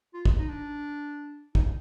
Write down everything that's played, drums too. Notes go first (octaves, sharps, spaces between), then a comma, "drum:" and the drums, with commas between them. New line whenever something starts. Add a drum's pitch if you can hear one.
F4
drum: kick
D#4
D4
D#4, drum: kick